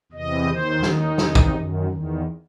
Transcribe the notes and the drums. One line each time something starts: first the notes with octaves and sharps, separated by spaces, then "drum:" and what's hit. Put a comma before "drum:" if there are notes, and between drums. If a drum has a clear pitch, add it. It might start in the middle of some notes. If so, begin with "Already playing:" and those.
E2 C3 E3 D#5
D#2 D#3 C5
D#2 D#3 D#4, drum: snare
E2 C3 D#3, drum: snare
drum: kick
F#2 D#3
E2 D#3